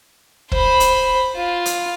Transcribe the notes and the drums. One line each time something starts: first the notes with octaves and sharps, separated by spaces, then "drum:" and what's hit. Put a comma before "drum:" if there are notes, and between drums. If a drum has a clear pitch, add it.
C5 B5, drum: kick
drum: hi-hat
F4
drum: hi-hat